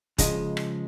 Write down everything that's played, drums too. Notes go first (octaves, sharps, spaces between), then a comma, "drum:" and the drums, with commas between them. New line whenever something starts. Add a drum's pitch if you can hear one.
C#3 F3 G#3 D#5, drum: kick, hi-hat
drum: rim click